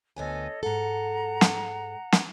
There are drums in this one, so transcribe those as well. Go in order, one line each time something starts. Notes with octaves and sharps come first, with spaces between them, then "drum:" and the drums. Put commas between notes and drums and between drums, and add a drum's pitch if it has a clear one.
D2 B3 A4 C#5 D#5 G#5
G#2 A4 F#5 A#5
drum: snare
drum: snare